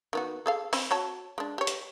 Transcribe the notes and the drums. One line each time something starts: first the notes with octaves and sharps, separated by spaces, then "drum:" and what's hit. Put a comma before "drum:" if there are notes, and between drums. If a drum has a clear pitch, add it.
D#3 B3 F#4
G#4 A4 F5
C4 G5 B5, drum: open hi-hat
F#4 C#5 A5
G#3 D4
G4 C#5
drum: hi-hat